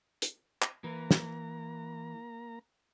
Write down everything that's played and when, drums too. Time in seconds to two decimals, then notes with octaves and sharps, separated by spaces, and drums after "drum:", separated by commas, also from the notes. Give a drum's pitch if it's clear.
0.22 drum: hi-hat
0.62 drum: clap
0.84 E3 A#3 A#5
1.11 drum: snare